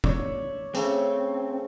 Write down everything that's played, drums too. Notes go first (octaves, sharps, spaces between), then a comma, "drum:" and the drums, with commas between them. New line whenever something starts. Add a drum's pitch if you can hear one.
C#5 D5 E5, drum: kick
C#3 A3 C4, drum: hi-hat